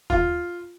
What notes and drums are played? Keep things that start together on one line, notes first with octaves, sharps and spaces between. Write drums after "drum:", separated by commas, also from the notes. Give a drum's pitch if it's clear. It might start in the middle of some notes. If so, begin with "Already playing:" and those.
F4, drum: kick D#2